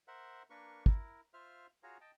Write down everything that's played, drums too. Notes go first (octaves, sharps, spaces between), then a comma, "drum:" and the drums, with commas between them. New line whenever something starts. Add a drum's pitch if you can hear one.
A#4 C5 E5 F#5
A#3 D4 A#4 B4 C#6
E4 A#4, drum: kick
F4 C5 E5 F5 F6
F4 F#4 G#4 C#5 F5 A#5
D#5 G5 A5